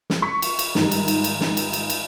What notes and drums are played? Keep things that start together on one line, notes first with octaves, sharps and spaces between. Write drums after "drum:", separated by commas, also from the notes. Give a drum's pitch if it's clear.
drum: snare
C#6 B6
drum: cymbal
drum: cymbal
G#2 D#3 G3, drum: snare
drum: cymbal
drum: cymbal
drum: cymbal
drum: snare
drum: cymbal
drum: cymbal
drum: cymbal